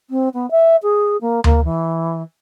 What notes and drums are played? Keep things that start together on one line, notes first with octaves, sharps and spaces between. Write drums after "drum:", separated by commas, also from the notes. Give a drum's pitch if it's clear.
C4
B3
E5
G#4
A#3
A#3, drum: tom D2
E3